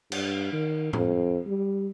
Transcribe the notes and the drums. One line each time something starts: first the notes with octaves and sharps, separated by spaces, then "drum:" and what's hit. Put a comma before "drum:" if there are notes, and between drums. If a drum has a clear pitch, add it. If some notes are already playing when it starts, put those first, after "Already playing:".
G2, drum: cymbal
D#3
F2, drum: tom A2
G3